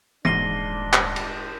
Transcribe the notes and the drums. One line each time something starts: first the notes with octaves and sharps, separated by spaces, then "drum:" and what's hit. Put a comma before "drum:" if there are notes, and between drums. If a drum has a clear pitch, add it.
D#1 G#2 D4 A#6 C7 D#7 G7, drum: tom E3
drum: clap
drum: cymbal